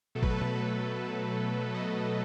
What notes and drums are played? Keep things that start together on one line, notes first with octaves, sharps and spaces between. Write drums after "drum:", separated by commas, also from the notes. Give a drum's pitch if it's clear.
B2 F#3 A3 A4
B4, drum: kick G#1
A4
drum: tom B2
B4
D#5